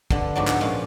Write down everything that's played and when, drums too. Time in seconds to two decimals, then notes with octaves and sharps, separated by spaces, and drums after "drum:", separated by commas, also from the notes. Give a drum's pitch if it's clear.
0.11 G2 D3, drum: kick
0.35 G#2 F3 F#3 B3 D5
0.47 drum: clap
0.61 A#2 F3 G#3 C#4 F4